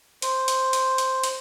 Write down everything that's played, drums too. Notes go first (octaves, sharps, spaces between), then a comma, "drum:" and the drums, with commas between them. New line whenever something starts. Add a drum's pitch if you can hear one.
C5, drum: hi-hat
drum: hi-hat
drum: hi-hat
drum: hi-hat
drum: hi-hat